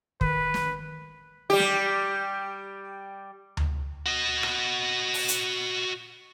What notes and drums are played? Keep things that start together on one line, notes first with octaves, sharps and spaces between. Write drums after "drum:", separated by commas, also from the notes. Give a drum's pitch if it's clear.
D#3 B4, drum: kick
drum: snare
G3 G4
drum: snare
drum: tom D2
F#4 D#5
drum: rim click
drum: open hi-hat
drum: hi-hat